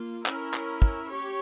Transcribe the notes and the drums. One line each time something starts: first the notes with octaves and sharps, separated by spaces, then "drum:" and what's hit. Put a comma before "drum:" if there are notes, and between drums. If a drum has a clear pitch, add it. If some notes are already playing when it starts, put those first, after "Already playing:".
Already playing: A#3 F4
C#4 E4 A#4, drum: clap
drum: clap
drum: kick
G4 C#5